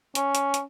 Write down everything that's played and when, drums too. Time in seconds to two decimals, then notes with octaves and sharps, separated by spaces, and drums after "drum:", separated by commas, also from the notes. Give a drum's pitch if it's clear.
0.15 C#4, drum: hi-hat
0.35 drum: hi-hat
0.54 drum: hi-hat